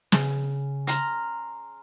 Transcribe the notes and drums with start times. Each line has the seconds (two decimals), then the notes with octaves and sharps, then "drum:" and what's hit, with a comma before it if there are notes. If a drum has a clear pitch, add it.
0.12 C#3, drum: snare
0.87 A#5 C6 F6 A#6, drum: hi-hat